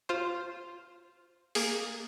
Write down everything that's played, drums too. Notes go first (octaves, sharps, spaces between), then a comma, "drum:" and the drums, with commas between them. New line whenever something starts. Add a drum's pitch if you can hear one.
F4 C5
A#3 G#4, drum: open hi-hat